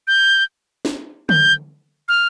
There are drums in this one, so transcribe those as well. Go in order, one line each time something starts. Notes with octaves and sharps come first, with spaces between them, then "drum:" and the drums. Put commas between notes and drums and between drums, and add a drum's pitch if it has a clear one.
G6
drum: snare
G6, drum: tom D3
F6